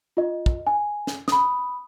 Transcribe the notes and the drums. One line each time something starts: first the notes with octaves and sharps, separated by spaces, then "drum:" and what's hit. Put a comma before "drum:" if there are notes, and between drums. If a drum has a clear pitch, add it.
F4 D#5
drum: kick
G#5
drum: snare
B5 D#6, drum: snare